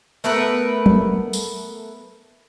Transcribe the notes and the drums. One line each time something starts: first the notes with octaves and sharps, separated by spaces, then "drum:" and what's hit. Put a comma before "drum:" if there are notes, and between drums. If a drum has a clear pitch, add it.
A3 B3 A#4 B4
drum: tom F#3
drum: tambourine